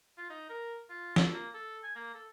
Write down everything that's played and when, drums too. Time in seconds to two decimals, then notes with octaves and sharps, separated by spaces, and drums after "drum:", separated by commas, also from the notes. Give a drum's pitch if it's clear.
0.18 F4
0.30 D#4
0.49 A#4
0.90 F4
1.16 A4, drum: snare
1.33 A#3
1.54 A4
1.83 G#5
1.95 A#3
2.14 A4